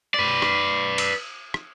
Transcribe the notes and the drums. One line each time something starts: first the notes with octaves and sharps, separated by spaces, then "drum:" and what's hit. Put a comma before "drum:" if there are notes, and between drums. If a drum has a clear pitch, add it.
B4 D5
drum: rim click
drum: cymbal
drum: rim click